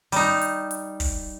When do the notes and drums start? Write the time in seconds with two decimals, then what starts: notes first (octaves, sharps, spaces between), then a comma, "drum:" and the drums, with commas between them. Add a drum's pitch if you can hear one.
0.12 G3 D#4, drum: open hi-hat
0.41 drum: hi-hat
0.71 drum: hi-hat
1.00 drum: kick, open hi-hat